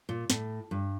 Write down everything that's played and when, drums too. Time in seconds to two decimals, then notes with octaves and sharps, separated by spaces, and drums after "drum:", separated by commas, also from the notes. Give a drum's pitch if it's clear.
0.09 A#2
0.30 A2, drum: snare
0.71 G2